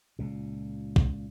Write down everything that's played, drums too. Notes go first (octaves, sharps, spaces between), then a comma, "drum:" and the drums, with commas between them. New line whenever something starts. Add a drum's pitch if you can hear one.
C#2 A#2
drum: kick